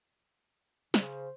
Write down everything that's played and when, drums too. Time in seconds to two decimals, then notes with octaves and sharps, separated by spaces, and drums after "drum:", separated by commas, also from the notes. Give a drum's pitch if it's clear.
0.94 C#3 C5, drum: snare